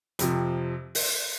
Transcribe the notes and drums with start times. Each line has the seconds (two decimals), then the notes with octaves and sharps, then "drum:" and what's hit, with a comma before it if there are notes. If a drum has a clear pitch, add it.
0.19 F2 C3 F3, drum: hi-hat
0.95 drum: open hi-hat